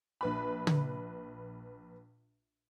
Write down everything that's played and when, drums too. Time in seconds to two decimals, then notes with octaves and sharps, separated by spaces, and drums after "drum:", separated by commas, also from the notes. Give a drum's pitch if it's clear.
0.21 A#1 B4 B5
0.67 drum: tom